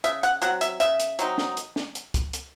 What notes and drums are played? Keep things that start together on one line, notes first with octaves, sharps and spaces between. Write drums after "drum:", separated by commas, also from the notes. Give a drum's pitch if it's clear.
C#3 E5, drum: hi-hat
F#5, drum: hi-hat
F#3 C4 F#5, drum: hi-hat
E5, drum: hi-hat
C#3 E5, drum: hi-hat
drum: hi-hat
F#3 C4 D#4, drum: hi-hat
drum: snare
drum: hi-hat
drum: snare
drum: hi-hat
drum: kick C#2, hi-hat
drum: hi-hat